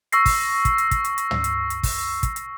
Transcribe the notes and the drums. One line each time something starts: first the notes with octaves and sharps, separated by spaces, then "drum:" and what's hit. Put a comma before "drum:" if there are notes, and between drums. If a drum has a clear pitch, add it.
C#6 E6 A#6 C7, drum: hi-hat
drum: kick, open hi-hat
drum: kick, hi-hat
drum: hi-hat
drum: kick, hi-hat
drum: hi-hat
drum: hi-hat
drum: tom
drum: hi-hat
drum: hi-hat
drum: kick, open hi-hat
drum: kick, hi-hat
drum: hi-hat